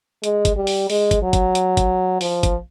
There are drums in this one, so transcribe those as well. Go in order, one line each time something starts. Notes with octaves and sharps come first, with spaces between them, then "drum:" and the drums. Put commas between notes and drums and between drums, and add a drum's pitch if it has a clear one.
G#3, drum: hi-hat
drum: kick, hi-hat
G3
drum: open hi-hat
G#3, drum: open hi-hat
drum: kick, hi-hat
F#3
drum: kick, hi-hat
drum: hi-hat
drum: kick, hi-hat
F3, drum: open hi-hat
drum: kick, hi-hat